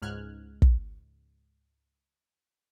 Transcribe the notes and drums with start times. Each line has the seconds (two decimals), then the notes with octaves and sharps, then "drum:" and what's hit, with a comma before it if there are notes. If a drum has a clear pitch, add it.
0.02 C#2 G#2 F6 F#6 G#6
0.62 drum: kick